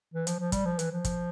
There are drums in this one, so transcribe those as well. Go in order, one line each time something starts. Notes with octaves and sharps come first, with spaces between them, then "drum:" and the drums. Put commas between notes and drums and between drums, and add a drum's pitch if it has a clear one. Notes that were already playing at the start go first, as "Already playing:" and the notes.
E3
F3, drum: hi-hat
F3
G3, drum: kick, hi-hat
F3
E3, drum: hi-hat
F3
drum: kick, hi-hat